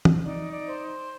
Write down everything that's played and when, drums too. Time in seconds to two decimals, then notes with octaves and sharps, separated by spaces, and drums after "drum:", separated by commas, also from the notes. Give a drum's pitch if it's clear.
0.05 drum: tom
0.24 D#4 D5
0.52 D5
0.67 C5